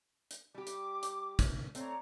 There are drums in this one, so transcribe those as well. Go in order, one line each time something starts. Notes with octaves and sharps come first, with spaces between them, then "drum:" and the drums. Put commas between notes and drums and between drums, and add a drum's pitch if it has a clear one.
drum: hi-hat
G3 G4 D6
drum: hi-hat
drum: hi-hat
drum: kick, hi-hat
A3 C4 C#5 D5 A#5, drum: hi-hat